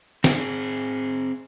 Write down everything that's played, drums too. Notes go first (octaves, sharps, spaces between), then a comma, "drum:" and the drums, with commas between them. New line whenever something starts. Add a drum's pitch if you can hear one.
C4 G#4, drum: snare